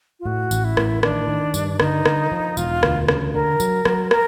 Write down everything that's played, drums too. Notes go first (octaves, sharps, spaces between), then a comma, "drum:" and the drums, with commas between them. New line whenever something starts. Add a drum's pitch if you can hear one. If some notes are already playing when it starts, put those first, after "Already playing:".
F4
A2 F#4
A1, drum: tambourine
E4
A2, drum: rim click
D#3 D4, drum: rim click
D#3
G2, drum: tambourine
D3 D#4, drum: rim click
D3, drum: rim click
F3
E1 F4, drum: tambourine
D2, drum: rim click
C#3, drum: rim click
D3 A#4
F#3, drum: tambourine
F#3, drum: rim click
A#4, drum: rim click